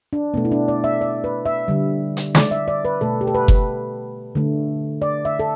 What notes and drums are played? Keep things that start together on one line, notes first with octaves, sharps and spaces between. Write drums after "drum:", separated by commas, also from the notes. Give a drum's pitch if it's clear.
D4
B2 A3 B3
E4
D4
D5
E5
D5
B4
E5
D3 G3
drum: hi-hat
D5, drum: snare
E5
D5
B4
B2 A3 A4
G4
A4
B4
drum: kick F#1
D3 A3
D5
E5
A4